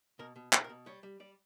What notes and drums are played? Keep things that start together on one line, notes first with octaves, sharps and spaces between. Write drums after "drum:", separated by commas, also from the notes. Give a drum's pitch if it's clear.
B2 A#4
B2
B2, drum: clap
A#4
B2
G3 C#5
G3
G3 D5